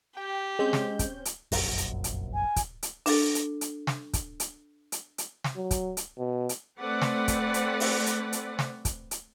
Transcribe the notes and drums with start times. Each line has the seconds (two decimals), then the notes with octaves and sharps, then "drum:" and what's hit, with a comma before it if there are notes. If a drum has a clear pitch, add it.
0.17 G4 G5
0.59 G#3 C4 C#4 G6
0.73 drum: snare
0.99 drum: kick, hi-hat
1.25 drum: hi-hat
1.52 F1 A#1 F#2, drum: open hi-hat
1.78 drum: hi-hat
2.04 drum: hi-hat
2.34 G#5
2.56 drum: kick, hi-hat
2.83 drum: hi-hat
3.06 D4 A4, drum: open hi-hat
3.35 drum: hi-hat
3.61 drum: hi-hat
3.87 drum: snare
4.13 drum: kick, hi-hat
4.40 drum: hi-hat
4.92 drum: hi-hat
5.18 drum: hi-hat
5.44 drum: snare
5.56 F#3
5.71 drum: kick, hi-hat
5.97 drum: hi-hat
6.19 B2
6.49 drum: hi-hat
6.80 A3 C4 B4 D5 F#5
7.02 drum: snare
7.28 drum: kick, hi-hat
7.54 drum: hi-hat
7.80 drum: open hi-hat
8.06 drum: hi-hat
8.33 drum: hi-hat
8.59 drum: snare
8.85 drum: kick, hi-hat
9.11 drum: hi-hat